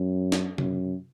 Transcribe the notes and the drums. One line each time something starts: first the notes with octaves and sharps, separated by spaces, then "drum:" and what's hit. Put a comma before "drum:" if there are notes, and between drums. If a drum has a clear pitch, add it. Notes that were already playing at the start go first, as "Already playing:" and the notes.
Already playing: F#2
drum: snare
F#2, drum: tom C3